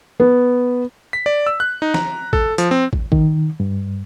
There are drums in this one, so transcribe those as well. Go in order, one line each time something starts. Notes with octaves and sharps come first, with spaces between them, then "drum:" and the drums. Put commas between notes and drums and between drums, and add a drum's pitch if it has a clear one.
B3
B6
D5
E6
F#6
D#4
A#5, drum: snare
A4, drum: kick
F3, drum: hi-hat
C4
drum: kick
D#3, drum: kick
G2